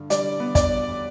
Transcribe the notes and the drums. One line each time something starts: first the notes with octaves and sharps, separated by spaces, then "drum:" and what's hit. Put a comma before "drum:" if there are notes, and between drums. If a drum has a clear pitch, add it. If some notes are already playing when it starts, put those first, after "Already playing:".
Already playing: G2 D3
G3 D5, drum: hi-hat
B3
D5, drum: kick, hi-hat